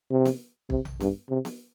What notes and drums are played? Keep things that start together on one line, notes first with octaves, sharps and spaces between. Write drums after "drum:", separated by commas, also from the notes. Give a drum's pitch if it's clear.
C3
drum: snare B3
C3, drum: kick
drum: tom A#1
G2, drum: snare B3
C3
drum: snare B3